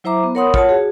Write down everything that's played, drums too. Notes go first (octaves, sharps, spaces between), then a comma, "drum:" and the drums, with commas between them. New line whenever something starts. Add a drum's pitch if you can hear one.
F#3 E4 C5 E5 A#5 D6
B3
A#4 C#5 F#5 B5 C6 D#6
F4 C#5 F#5 A5, drum: kick
F#4 G#4